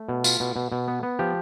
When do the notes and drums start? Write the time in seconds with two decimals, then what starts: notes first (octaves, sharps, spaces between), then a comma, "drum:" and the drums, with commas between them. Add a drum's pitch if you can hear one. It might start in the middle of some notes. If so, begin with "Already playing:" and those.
Already playing: A3
0.09 B2
0.24 F4, drum: tambourine
0.40 B2
0.56 B2
0.72 B2
0.88 B3
1.03 B3
1.19 F3 G4